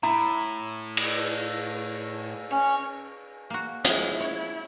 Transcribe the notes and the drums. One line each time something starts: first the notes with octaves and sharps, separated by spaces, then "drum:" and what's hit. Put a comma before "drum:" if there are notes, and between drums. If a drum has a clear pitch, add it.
A2 E4 A#5
drum: cymbal
C#4 C#5
A#3 F#4
F3 G#3 E4, drum: hi-hat
C#5